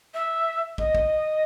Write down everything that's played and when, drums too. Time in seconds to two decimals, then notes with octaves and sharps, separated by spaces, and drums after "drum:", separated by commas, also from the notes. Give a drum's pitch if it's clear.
0.14 E5
0.78 D#5, drum: kick
0.95 drum: kick